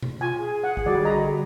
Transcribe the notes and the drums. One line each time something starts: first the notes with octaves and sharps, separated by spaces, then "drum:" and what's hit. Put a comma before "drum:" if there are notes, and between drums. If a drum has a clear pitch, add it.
drum: tom B2
F4 G#5
G#4
F#5
drum: kick
D3 G3 F#4 D5
D#5 A#5 B5